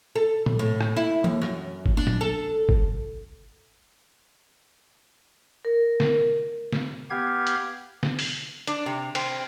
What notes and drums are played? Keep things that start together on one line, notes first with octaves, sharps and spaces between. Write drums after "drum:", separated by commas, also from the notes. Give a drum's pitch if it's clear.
A4
drum: tom A#2
A2
drum: rim click
E4
D#2, drum: tom E3
F#2
drum: kick G1
D4
drum: tom A#2
A4
drum: kick G1
A#4
drum: snare
drum: snare
B3 G4 F5 G#6
drum: hi-hat
drum: snare
drum: open hi-hat
D4, drum: hi-hat
C3
C4, drum: cymbal